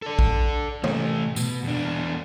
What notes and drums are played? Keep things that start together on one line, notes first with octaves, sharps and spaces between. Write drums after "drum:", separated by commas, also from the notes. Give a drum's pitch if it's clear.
A4 D5
drum: kick A#1
E3 A3, drum: tom C3
B2, drum: tambourine
E2 D4